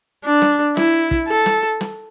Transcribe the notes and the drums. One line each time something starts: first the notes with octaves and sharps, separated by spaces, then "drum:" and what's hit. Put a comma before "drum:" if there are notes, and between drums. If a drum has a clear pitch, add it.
D4
drum: snare
E4, drum: snare
drum: kick
A4
drum: snare
drum: snare